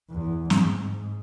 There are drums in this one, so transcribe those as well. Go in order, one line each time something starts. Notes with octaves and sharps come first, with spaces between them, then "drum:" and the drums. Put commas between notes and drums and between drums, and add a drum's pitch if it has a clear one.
E2
G#2, drum: snare